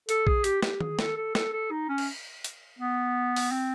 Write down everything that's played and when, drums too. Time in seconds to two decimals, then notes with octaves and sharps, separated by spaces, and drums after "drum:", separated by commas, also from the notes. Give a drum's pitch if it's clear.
0.09 A4, drum: hi-hat
0.27 G#4, drum: kick A#1
0.44 G4, drum: hi-hat
0.62 G4, drum: snare
0.81 G#4, drum: tom D#3
0.99 A4, drum: snare
1.17 A4
1.35 A4, drum: snare
1.53 A4
1.71 D#4
1.89 C#4
1.98 drum: cymbal
2.44 drum: hi-hat
2.79 B3
3.36 drum: open hi-hat
3.51 C4